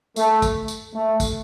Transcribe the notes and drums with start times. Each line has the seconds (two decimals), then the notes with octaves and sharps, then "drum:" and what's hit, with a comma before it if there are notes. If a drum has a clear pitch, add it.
0.16 A3, drum: tambourine
0.42 drum: kick, tambourine
0.68 drum: tambourine
0.94 A3
1.20 drum: kick, tambourine